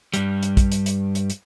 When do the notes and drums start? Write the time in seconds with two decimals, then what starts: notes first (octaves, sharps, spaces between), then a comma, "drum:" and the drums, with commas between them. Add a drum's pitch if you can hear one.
0.14 G2 G3, drum: hi-hat
0.43 drum: hi-hat
0.57 drum: kick, hi-hat
0.72 drum: hi-hat
0.86 drum: hi-hat
1.15 drum: hi-hat
1.30 drum: hi-hat